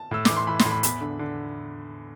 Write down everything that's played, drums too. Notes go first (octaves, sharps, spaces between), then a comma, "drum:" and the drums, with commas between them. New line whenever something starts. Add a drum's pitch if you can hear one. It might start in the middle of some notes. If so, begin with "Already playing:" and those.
Already playing: A5
A2 E6
E3 D6, drum: snare
C6
E3 B5
C6, drum: snare
A2
B5
E2 B5, drum: hi-hat
D3
D3